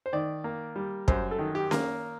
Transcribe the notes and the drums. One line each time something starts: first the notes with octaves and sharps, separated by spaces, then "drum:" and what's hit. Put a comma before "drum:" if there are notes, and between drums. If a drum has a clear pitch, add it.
C5
D#3 D5
A#3
G3
F#2 C5, drum: kick
A4
D#3
G4
A#3, drum: snare C#4